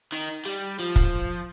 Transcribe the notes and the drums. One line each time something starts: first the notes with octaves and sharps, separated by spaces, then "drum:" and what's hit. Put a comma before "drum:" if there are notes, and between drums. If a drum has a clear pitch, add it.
D#3
G3
F3
drum: kick